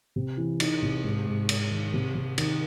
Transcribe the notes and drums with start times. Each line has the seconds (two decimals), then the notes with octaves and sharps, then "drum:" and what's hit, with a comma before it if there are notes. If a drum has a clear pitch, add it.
0.16 C3
0.37 E3
0.60 D#4, drum: cymbal
0.83 C3
1.04 G#2
1.27 G#2
1.49 G#2, drum: cymbal
1.71 D#3
1.94 C3
2.15 C3
2.38 D#3, drum: cymbal